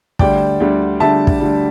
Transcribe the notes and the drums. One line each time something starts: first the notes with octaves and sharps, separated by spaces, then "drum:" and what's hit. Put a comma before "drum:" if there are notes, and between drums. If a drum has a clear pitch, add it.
D2 D3 G3 D5 G5, drum: kick
D2 D3 G3
D2 D3 G3 E5 A5
drum: kick
D2 D3 G3